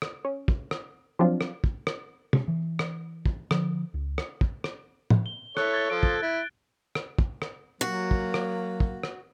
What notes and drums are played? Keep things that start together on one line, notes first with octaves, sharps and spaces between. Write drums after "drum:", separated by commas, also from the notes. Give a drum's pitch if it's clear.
drum: rim click
C#4
drum: kick
drum: rim click
F3 F#3 C4 D4 F4
drum: rim click
drum: kick
drum: rim click
drum: tom
E3
drum: rim click
drum: kick
D3 F3, drum: rim click
C#2
drum: rim click
drum: kick
drum: rim click
drum: tom A2
G7
E4 A4 C#5 F#6, drum: rim click
G#6 A6 G7
F3 A4 D7
drum: kick
E4
drum: rim click
drum: kick
drum: rim click
F#3 A#3 F#4
drum: kick
drum: rim click
drum: kick
drum: rim click